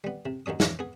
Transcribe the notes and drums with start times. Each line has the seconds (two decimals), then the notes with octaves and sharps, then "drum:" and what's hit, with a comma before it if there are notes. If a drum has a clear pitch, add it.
0.04 G3 B3
0.25 C3
0.46 D#2 D#3 F#3 C#4 D#6
0.60 E3 F3 C#4 E4, drum: snare
0.79 B3 G#4